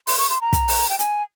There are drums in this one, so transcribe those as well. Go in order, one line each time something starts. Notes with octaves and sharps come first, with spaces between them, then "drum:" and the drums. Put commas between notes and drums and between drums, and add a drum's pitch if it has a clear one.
C6, drum: open hi-hat
C#6
C6
A#5
drum: kick, hi-hat
drum: open hi-hat
G5
G#5, drum: hi-hat